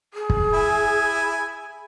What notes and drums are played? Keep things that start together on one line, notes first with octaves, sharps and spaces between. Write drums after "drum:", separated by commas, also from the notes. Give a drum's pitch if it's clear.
G#4
drum: kick
E4 G#5